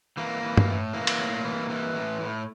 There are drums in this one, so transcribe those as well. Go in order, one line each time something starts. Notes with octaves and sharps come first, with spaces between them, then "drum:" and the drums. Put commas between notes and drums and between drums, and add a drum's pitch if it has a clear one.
E3 A#3
E3
drum: tom G2
A2
E3 A#3
drum: cymbal
A2
E3
E3
A2
A2